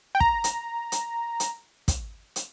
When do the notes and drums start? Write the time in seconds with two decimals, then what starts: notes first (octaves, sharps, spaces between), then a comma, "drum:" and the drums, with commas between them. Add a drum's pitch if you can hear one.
0.15 G5
0.20 A#5, drum: kick
0.44 drum: hi-hat
0.92 drum: hi-hat
1.40 drum: hi-hat
1.88 drum: kick, hi-hat
2.36 drum: hi-hat